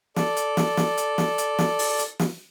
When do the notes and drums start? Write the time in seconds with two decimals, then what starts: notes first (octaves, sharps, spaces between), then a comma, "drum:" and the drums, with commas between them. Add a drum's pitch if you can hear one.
0.16 A4 D5, drum: snare
0.37 drum: hi-hat
0.57 drum: snare
0.77 drum: snare
0.98 drum: hi-hat
1.18 drum: snare
1.38 drum: hi-hat
1.59 drum: snare
1.79 drum: open hi-hat
1.99 drum: hi-hat
2.19 drum: snare